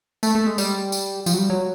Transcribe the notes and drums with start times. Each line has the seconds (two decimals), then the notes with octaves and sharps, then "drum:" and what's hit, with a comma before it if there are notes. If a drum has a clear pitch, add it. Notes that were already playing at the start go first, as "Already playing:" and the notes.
0.23 A3, drum: tambourine
0.35 A3
0.47 G#3
0.58 G3, drum: tambourine
0.92 drum: tambourine
1.26 F3, drum: tambourine
1.33 F#3
1.39 G3
1.50 F#3